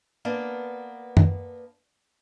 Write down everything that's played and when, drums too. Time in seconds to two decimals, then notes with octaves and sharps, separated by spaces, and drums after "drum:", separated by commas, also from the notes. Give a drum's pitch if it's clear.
0.25 A#3 B3 D4
1.17 drum: tom